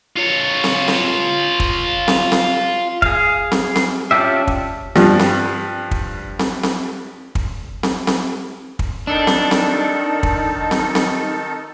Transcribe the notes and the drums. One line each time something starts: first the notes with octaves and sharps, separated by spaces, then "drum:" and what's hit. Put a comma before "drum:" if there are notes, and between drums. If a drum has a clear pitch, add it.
F4 C#5
drum: snare C4
drum: snare C4
drum: kick
drum: snare C4
drum: snare C4
G#4 F5, drum: kick
drum: snare C4
drum: snare C4
C#4 D4 F4 G4 E5
drum: kick
G2 F3 G3, drum: snare C4
drum: snare C4
drum: kick
drum: snare C4
drum: snare C4
drum: kick
drum: snare C4
drum: snare C4
drum: kick
D#3 D4 D#4 A4
drum: snare C4
drum: snare C4
drum: kick
drum: snare C4
drum: snare C4